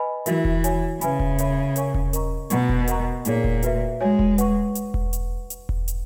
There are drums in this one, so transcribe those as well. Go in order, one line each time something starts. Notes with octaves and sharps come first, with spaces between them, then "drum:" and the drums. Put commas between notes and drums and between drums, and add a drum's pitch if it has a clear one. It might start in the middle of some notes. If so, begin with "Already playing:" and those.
Already playing: B4 D#5 G#5 B5
E3 F#4 A#4 E5, drum: hi-hat
drum: kick E1
F#4 C#5 G#5, drum: hi-hat
C#3 B4 E5 G#5 B5, drum: hi-hat
drum: kick E1
A#4 C#5 E5 B5, drum: hi-hat
A#4 C#5 G#5 C#6, drum: hi-hat
drum: kick E1
A#4 D#5 A#5 C#6, drum: hi-hat
B2 B4 F#5 A#5 C#6, drum: hi-hat
drum: kick E1
A#4 D#5 F#5 A#5 C#6, drum: hi-hat
A#2 D#4 G#4 C#5, drum: hi-hat
drum: kick E1
F#4 B4 E5, drum: hi-hat
G#3 F#4 C#5 G#5
drum: kick E1
B4 F#5 C#6, drum: hi-hat
drum: hi-hat
drum: kick E1
drum: hi-hat
drum: hi-hat
drum: kick E1
drum: hi-hat